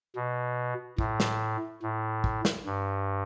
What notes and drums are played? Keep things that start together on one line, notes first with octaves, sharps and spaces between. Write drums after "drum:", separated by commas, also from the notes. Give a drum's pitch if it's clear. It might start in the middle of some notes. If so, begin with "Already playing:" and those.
B2
A2, drum: kick
drum: snare
A2
drum: kick
drum: snare
G2